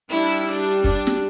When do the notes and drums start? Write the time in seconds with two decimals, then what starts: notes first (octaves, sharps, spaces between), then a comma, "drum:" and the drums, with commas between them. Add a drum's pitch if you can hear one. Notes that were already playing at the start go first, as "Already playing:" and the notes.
0.11 G3 D4 E4
0.47 D4, drum: open hi-hat
0.84 D4, drum: kick
1.07 drum: snare